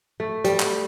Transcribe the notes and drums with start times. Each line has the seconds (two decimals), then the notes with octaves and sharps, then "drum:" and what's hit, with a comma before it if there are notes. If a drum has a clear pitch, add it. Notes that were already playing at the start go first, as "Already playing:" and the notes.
0.20 A3
0.44 G3, drum: hi-hat
0.60 drum: clap